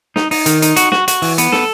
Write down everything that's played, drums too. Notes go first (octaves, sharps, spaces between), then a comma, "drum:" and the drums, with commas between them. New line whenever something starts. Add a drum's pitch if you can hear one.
D#4, drum: snare
D#4, drum: open hi-hat
D#3, drum: hi-hat
D#4, drum: hi-hat
F#4, drum: hi-hat
F#4, drum: snare
F#4, drum: hi-hat
E3, drum: open hi-hat
B3, drum: hi-hat
A4, drum: snare